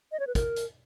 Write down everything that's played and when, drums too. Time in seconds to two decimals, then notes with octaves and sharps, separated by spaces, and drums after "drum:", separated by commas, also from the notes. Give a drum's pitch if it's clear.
0.12 D#5
0.20 C#5
0.27 B4
0.35 A#4, drum: kick, hi-hat
0.56 drum: hi-hat